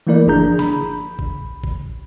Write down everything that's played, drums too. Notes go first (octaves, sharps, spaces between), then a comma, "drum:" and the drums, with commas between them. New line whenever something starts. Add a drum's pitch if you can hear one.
E3 A3 A#3 E4 A#4 D5
G1 F3 D4 G#4 A#5 G6
B5, drum: snare
drum: kick G#1
drum: kick G#1